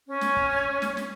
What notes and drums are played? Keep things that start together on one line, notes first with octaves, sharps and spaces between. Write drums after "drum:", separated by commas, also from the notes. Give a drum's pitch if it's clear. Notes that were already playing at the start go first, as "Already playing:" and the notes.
C#4
drum: snare
drum: kick
drum: snare
drum: snare